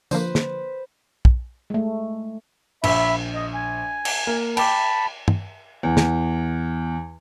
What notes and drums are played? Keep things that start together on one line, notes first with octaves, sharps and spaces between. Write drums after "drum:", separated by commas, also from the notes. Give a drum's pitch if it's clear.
D3 F3 A#3 B4 C5, drum: tambourine
drum: snare
drum: kick
G#3 A3
A#1 E5 B5, drum: cymbal
D#5
G#5
drum: cymbal
A#3
G5 A5 B5 D6, drum: cymbal
drum: tom
E2
drum: snare